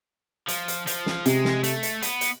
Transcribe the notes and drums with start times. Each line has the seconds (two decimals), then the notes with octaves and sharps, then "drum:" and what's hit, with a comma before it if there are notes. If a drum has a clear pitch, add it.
0.48 F3, drum: hi-hat
0.68 drum: hi-hat
0.87 F3, drum: hi-hat
1.06 drum: snare
1.26 C3 G#3, drum: hi-hat
1.45 drum: snare
1.64 A3, drum: hi-hat
1.83 drum: hi-hat
2.02 B3, drum: hi-hat
2.21 drum: hi-hat